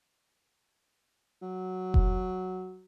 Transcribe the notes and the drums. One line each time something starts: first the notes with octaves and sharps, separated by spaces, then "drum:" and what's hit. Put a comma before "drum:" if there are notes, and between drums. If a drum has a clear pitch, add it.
F#3
drum: kick F1